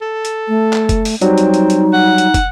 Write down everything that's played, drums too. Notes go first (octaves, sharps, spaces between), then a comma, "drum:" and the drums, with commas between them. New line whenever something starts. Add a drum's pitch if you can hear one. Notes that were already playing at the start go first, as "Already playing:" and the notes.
A4
drum: hi-hat
A3
drum: clap
drum: kick, hi-hat
drum: open hi-hat
F#3 G3 C4 D#4, drum: hi-hat
drum: hi-hat
drum: hi-hat
drum: hi-hat
F#5
drum: hi-hat
drum: kick, hi-hat